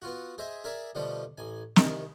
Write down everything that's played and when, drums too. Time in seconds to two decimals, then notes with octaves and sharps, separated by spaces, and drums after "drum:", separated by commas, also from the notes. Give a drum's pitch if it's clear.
0.02 B3 F4 F#4
0.38 G#4 C5 D#5 E5
0.64 G#4 A#4 D5 E5
0.95 B2 D3 F3 G3 A3
1.38 A1 G#5
1.76 C2 D#3, drum: snare